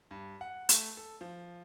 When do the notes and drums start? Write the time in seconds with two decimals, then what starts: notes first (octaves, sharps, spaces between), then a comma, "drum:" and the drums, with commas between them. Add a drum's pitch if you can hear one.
0.11 G2
0.41 F#5
0.69 A3, drum: hi-hat
0.97 A4
1.21 F3